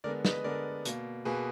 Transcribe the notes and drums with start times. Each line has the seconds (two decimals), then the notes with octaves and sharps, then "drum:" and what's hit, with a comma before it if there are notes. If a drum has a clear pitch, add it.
0.04 D3 G#3 B3 A#4 D5
0.25 B4 D#5, drum: snare
0.44 D3 G#3 B3 A#4 D5
0.85 B2 A#3, drum: hi-hat
1.25 B2 A#3 G#4 B4